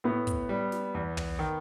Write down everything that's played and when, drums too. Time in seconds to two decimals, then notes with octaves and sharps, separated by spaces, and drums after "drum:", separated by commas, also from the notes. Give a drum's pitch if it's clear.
0.04 A2 B3
0.27 drum: kick, hi-hat
0.49 G3
0.72 drum: snare
0.94 E2
1.17 drum: tom
1.39 D#3